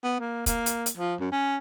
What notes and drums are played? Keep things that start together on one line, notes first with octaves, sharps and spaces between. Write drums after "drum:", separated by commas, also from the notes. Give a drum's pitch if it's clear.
B3
A#3
A#3, drum: kick, hi-hat
drum: hi-hat
drum: hi-hat
F3
F#2
C#4